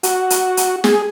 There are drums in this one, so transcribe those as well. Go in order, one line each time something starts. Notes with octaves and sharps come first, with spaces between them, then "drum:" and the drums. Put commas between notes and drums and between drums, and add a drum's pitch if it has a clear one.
F#4, drum: hi-hat
drum: hi-hat
drum: hi-hat
G#4, drum: snare